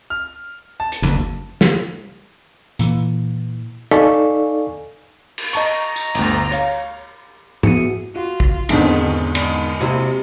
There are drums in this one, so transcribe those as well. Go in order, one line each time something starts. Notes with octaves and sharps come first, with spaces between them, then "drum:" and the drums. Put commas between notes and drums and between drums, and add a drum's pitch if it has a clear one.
F6
A5
drum: hi-hat
F#1 D2
drum: snare
A#2 E3, drum: hi-hat
D#4 A4 D5 F5 G#5 C#6, drum: rim click
drum: cymbal
D#5 A5 A#5 C#6, drum: hi-hat
drum: tambourine
G1 D2, drum: cymbal
C#5 F5, drum: hi-hat
B3 E4 F#4 G#4 C#7 D#7, drum: tom G#2
F4 F#4
drum: kick
E2 G#2 B2 D3 D#3 C4 D4 D#4, drum: cymbal
G#3 D5, drum: cymbal
C3 A#3 E4 F#4